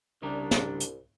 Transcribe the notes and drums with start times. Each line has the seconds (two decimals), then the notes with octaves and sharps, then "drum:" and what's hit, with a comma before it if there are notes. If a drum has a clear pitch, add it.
0.22 C2 C#3 G3 D4 A#4
0.51 drum: snare
0.80 drum: hi-hat